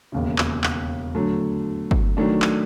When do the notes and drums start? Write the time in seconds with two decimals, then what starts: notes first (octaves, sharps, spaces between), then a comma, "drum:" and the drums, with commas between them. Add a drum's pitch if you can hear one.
0.12 E1 D#2 C#3
0.38 drum: clap
0.64 drum: clap
1.15 D3 F#3 A3
1.91 drum: kick
2.17 D#3 F#3 A3 D4
2.42 drum: clap